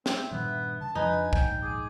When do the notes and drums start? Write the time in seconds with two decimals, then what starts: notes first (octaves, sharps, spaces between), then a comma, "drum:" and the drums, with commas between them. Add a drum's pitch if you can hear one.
0.06 C4 E5, drum: snare
0.31 G2 A#2 D#3 B3
0.81 C#3 A5
0.95 F2 F3 D4 D#4 B4 G#5
1.33 A#1 D#2 G#2 G5, drum: kick C2
1.62 G#4 D6